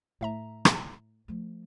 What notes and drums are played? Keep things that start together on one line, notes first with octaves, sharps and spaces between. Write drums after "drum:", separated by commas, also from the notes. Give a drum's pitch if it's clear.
A2 A3 E5 A#5
drum: rim click
F3 A3